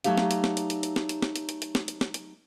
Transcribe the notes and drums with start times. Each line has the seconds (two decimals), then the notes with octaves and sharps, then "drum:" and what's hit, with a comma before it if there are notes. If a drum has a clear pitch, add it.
0.04 F#3 G#3 A3 D#4 G4 F5, drum: hi-hat
0.18 drum: snare
0.31 drum: hi-hat
0.44 drum: snare
0.57 drum: hi-hat
0.70 drum: hi-hat
0.83 drum: hi-hat
0.96 drum: snare
1.09 drum: hi-hat
1.22 drum: snare
1.36 drum: hi-hat
1.49 drum: hi-hat
1.62 drum: hi-hat
1.75 drum: snare
1.88 drum: hi-hat
2.01 drum: snare
2.14 drum: hi-hat